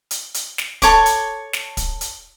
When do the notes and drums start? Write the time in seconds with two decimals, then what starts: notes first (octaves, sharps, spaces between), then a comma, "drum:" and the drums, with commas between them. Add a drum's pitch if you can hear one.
0.11 drum: hi-hat
0.34 drum: hi-hat
0.58 drum: snare
0.82 A4 C#5 C#6 D6, drum: kick, hi-hat
1.06 drum: hi-hat
1.53 drum: snare
1.77 drum: kick, hi-hat
2.01 drum: hi-hat